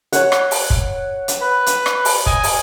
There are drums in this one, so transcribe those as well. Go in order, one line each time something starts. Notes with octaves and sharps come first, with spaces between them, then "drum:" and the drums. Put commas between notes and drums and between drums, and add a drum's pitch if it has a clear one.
C#5 F#5, drum: hi-hat
drum: rim click
drum: open hi-hat
drum: kick
drum: hi-hat
B4
drum: hi-hat
drum: rim click
drum: open hi-hat
D#5 G#5, drum: kick
drum: open hi-hat